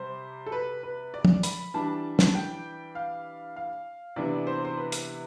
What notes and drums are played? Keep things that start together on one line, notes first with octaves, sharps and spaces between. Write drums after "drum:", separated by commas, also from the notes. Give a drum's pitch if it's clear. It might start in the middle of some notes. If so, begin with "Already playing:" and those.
Already playing: C3 G3 C5
A4
B4
B4
D5
drum: tom
B5, drum: hi-hat
E3 G3 D4 A5
drum: snare
G5
F5
F5
C3 E3 B3 D4 D5
C5
C5
B4
drum: hi-hat